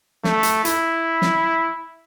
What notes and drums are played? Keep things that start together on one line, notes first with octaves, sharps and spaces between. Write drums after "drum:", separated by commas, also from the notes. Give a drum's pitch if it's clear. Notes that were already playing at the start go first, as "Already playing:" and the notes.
A3, drum: snare
drum: hi-hat
E4, drum: hi-hat
drum: snare